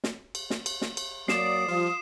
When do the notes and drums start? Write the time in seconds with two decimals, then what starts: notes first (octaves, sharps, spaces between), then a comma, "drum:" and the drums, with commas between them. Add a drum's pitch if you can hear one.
0.04 drum: snare
0.35 drum: cymbal
0.50 drum: snare
0.66 drum: cymbal
0.82 drum: snare
0.97 drum: cymbal
1.28 F#3 A#3 D5 D#6 C7 E7, drum: snare
1.68 F3 G3 F4